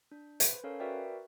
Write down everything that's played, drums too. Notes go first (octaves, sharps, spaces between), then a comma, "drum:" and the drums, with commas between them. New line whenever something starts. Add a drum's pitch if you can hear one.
D4
B4 C5, drum: hi-hat
C#4 A4 A#4 C#5 F5
F#4 A#4 B4 D5 E5 G5